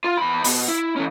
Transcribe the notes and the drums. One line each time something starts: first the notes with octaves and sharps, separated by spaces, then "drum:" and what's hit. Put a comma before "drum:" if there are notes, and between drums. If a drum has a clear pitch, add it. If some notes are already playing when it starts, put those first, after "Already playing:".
F4
E2 B5
B2, drum: open hi-hat
E4
E3 C#4